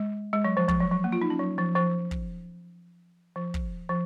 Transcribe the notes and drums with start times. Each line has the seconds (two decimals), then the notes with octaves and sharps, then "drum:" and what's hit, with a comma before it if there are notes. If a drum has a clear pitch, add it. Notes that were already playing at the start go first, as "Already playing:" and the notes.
Already playing: G#3
0.33 G#3
0.44 F#3
0.57 F3
0.68 F3, drum: kick
0.80 F#3
0.92 F#3
1.04 A#3
1.12 F4
1.22 D#4
1.30 C#4
1.39 F#3
1.58 F3
1.75 F3
2.11 drum: kick
3.36 F3
3.54 drum: kick
3.89 F3